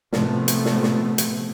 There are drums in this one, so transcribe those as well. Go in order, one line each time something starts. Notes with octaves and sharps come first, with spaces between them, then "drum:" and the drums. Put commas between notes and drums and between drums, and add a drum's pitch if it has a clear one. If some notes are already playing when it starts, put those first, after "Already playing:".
A2 C3 F3 A3 B3, drum: snare
drum: hi-hat
drum: snare
drum: snare
drum: hi-hat